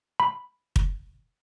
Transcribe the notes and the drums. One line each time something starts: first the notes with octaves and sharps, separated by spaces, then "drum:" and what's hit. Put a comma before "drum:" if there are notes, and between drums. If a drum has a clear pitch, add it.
B5
drum: kick